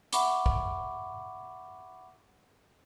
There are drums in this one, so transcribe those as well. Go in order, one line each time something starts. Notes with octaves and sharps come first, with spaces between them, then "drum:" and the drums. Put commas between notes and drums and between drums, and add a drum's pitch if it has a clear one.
E5 F#5 B5 C#6 D6, drum: hi-hat
drum: kick